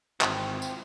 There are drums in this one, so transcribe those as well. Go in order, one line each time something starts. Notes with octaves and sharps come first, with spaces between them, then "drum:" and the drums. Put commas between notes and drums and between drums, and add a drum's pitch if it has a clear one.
G#1 E3 C4 F4 G5, drum: clap
drum: tambourine